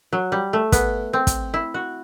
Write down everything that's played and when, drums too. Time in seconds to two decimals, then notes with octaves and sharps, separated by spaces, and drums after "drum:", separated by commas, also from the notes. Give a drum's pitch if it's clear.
0.13 F#3
0.32 G3
0.53 A3
0.72 B3, drum: kick, hi-hat
1.13 C4
1.27 drum: kick, hi-hat
1.54 E4
1.74 F#4